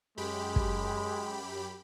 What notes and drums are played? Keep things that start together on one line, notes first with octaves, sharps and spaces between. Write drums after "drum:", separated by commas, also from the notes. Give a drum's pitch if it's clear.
F#2 G#3 G4 B5
drum: kick